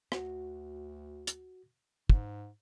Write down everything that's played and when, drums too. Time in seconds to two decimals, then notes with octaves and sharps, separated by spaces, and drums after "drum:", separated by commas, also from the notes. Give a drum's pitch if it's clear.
0.12 D2 F#4, drum: rim click
1.27 drum: hi-hat
2.10 G#2, drum: kick